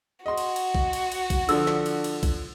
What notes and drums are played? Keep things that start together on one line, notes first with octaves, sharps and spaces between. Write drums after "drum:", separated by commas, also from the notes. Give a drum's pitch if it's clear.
F#4 D#5 C6
drum: cymbal
drum: cymbal
drum: kick A#1
drum: cymbal
drum: cymbal
drum: kick A#1, cymbal
D3 F3 D4 E6, drum: cymbal
drum: snare
drum: cymbal
drum: cymbal
drum: kick A#1, cymbal